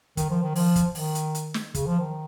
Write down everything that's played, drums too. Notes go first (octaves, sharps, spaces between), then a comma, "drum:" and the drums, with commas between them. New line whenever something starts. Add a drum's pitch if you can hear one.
D#3, drum: kick, hi-hat
F3
D#3
F3, drum: open hi-hat
drum: kick, hi-hat
D#3, drum: open hi-hat
drum: hi-hat
drum: hi-hat
drum: snare
C#3, drum: kick, hi-hat
F3
D#3